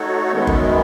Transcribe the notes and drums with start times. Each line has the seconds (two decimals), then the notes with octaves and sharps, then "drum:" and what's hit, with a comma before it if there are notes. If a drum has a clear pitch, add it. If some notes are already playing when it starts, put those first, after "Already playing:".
Already playing: A3 D#4 F#4 A4 C#5
0.31 F#2 D#3 G#3 B3
0.47 drum: kick G1